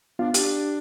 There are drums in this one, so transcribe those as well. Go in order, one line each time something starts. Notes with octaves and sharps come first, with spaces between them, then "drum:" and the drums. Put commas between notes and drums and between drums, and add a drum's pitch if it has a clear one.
B3 D4 F4 F5
D4 G4, drum: hi-hat